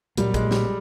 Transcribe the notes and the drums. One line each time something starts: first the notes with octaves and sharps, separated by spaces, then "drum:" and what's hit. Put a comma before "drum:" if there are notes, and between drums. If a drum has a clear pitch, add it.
A#2 F#3 G3 A#3, drum: hi-hat
G#3, drum: kick, hi-hat
G3, drum: snare